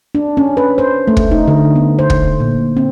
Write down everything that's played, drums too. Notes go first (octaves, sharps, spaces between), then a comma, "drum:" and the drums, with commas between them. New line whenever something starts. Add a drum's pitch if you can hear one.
D4
C#4
B4
C5
A3
drum: kick
D#4
D3
B3
C5
drum: kick
A#2
C4